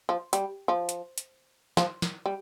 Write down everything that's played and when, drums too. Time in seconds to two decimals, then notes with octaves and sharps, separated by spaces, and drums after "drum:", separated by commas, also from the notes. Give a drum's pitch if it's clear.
0.09 F3
0.33 G3, drum: hi-hat
0.68 F3
0.89 drum: hi-hat
1.18 drum: hi-hat
1.77 F3, drum: snare
2.02 drum: snare
2.26 G3